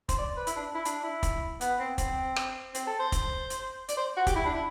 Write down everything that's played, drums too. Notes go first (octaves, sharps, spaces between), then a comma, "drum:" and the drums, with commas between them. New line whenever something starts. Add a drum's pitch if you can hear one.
C5, drum: kick, hi-hat
D5
B4
E4, drum: hi-hat
D4
E4
D4, drum: hi-hat
E4
drum: kick, hi-hat
B3, drum: hi-hat
C4
C4, drum: kick, hi-hat
drum: rim click
C4, drum: hi-hat
A4
C5
drum: kick, hi-hat
drum: hi-hat
D5, drum: hi-hat
C5
F#4
G4, drum: kick, hi-hat
E4
D4
E4